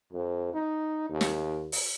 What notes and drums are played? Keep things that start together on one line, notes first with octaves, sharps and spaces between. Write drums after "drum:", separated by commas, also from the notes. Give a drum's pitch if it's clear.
F2
D#4
D#2
drum: snare
drum: open hi-hat